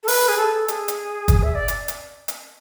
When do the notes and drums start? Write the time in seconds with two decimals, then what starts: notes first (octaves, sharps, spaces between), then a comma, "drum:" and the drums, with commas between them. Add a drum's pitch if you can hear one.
0.03 A4
0.08 B4, drum: open hi-hat
0.28 G#4
0.37 A4
0.68 G#4, drum: hi-hat
0.88 drum: hi-hat
1.28 drum: kick, hi-hat
1.43 E5
1.55 D5
1.68 drum: hi-hat
1.88 drum: hi-hat
2.28 drum: hi-hat